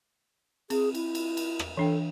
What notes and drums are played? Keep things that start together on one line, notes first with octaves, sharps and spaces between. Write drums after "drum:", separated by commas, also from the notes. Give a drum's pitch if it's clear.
C4 G#4, drum: cymbal
E4, drum: cymbal
drum: cymbal
drum: cymbal
drum: rim click
E3 D4 A4 G5